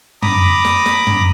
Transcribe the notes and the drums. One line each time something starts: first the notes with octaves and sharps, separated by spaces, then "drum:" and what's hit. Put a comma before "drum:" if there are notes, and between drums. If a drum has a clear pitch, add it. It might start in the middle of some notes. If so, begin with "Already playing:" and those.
A#5 B5 D6 D#6, drum: tom
drum: snare
drum: snare
drum: tom